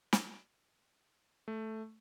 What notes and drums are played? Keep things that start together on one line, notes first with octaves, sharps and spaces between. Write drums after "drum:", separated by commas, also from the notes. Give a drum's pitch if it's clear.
drum: snare
A3